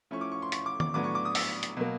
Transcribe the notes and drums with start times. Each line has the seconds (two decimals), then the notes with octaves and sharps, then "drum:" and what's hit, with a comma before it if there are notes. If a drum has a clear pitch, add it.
0.11 F3 A3 C#4 E4 C#6
0.21 D6
0.32 C#6
0.42 C6
0.52 C#6, drum: hi-hat
0.66 D6
0.80 D6, drum: tom D#3
0.94 A2 F#3 B3 D4 D6
1.04 C#6
1.15 D6
1.25 D#6
1.35 E6, drum: open hi-hat
1.63 drum: hi-hat
1.77 B2 F#3 A#3